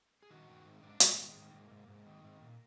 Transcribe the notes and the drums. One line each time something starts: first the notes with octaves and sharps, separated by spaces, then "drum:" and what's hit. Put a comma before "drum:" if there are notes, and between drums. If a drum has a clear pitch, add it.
G#4
D#3 F#4
D#3
G#2
G#2 D4
G#2 D4, drum: hi-hat
B3
D#3
G#3
G#2 A#3
G#2
G#2
G#2
D#3
G#2
A#2